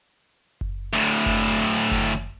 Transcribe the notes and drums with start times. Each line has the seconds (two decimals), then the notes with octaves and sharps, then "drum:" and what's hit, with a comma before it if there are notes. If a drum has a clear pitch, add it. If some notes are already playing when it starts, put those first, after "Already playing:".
0.61 drum: kick F#1
0.94 D2 A2
1.26 drum: kick F#1
1.91 drum: kick F#1